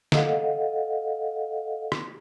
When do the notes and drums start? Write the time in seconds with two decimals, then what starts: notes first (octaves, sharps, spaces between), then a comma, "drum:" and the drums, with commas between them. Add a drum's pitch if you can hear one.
0.12 A4 D#5 F5 F#5, drum: snare
1.92 drum: rim click